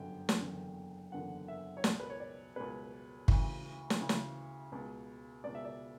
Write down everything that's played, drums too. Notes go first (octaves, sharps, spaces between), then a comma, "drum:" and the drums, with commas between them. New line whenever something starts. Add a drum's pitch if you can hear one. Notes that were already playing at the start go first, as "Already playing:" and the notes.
Already playing: G1 F#2 D3 G5
drum: snare
F#1 E2 D3
F#1 E2 D3 F#5
E5
C#5
C#2 B2 D5, drum: snare
B4
C#5
D5
C#2 B2 B4
D2 C#3 E3, drum: kick
drum: snare
D2 C#3 E3
drum: snare
C#2 B2
C#2 B2 D5
E5
D5